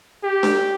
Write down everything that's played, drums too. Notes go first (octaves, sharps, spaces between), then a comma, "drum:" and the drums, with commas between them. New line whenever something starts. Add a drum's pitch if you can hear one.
G4
drum: snare D4